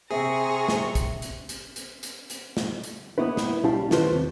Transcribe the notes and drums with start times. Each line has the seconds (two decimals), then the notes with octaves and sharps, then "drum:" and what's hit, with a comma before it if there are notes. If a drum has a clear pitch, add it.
0.11 C3 C4 G#4 E5 A#5 C#6
0.68 drum: snare
0.95 drum: kick, hi-hat
1.22 drum: hi-hat
1.49 drum: hi-hat
1.76 drum: hi-hat
2.03 drum: hi-hat
2.30 drum: hi-hat
2.57 drum: snare
2.84 drum: hi-hat
3.18 A#3 B3 D#4 E4 B4
3.37 drum: snare
3.64 B1 G3 C#4 E4 F5 A5
3.91 D#3 A3 F4 A4 B4 C5, drum: snare
4.10 D#2 C3